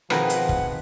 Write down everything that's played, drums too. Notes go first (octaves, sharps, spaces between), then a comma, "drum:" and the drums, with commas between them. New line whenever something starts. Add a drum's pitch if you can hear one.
B2 D#3 F3 C4 G#4 A#4 B4 F#5, drum: rim click
drum: hi-hat
drum: kick